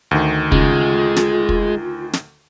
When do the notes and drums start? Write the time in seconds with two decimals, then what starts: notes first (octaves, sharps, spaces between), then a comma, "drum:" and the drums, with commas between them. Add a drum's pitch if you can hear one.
0.11 D2 D#3
0.52 C#3 G#3 F4, drum: kick
1.16 drum: snare
1.49 drum: kick
2.13 drum: snare